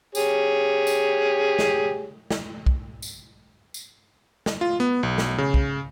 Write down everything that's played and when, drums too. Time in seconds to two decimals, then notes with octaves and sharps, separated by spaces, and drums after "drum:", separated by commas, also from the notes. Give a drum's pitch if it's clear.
0.15 G4 G#4 C#5, drum: tambourine
0.87 drum: tambourine
1.59 drum: snare
2.31 drum: snare
2.66 drum: kick
3.02 drum: tambourine
3.74 drum: tambourine
4.46 drum: snare
4.61 F4
4.80 B3
5.03 B1
5.18 drum: snare
5.38 C#3
5.54 drum: kick